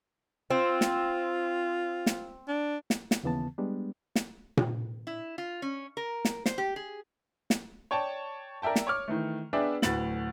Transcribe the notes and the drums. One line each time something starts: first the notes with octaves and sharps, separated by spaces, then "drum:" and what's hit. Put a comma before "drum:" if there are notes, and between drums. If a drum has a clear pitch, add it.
C4 F4
drum: snare
drum: snare
D4
drum: snare
drum: snare
D#2 C#3 E3 B3 A5
G3 G#3 B3 D4
drum: snare
drum: tom A#2
E4
F4
C#4
A#4
drum: snare
C5, drum: snare
G4
G#4
drum: snare
C#5 D5 G5 A5
A#4 D5 E5 G5 A5
drum: snare
C#5 D6 F6
D#3 E3 A3
B3 D4 G#4 D5 E5 G5
D1 D2 A2 B4 A6 F#7, drum: snare